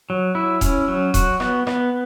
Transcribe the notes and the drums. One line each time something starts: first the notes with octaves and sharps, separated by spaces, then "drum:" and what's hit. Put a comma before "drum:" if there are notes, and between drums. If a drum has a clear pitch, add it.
F#3
E4
C#4, drum: kick D#1, hi-hat
F#3
F#4, drum: kick D#1, hi-hat
B3, drum: rim click
B3, drum: rim click